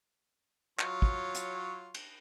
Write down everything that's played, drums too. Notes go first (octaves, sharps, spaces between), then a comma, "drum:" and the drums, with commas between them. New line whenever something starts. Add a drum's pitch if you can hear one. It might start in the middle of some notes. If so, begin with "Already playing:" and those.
F#3 F4 C#5, drum: clap
drum: kick
drum: hi-hat
drum: cymbal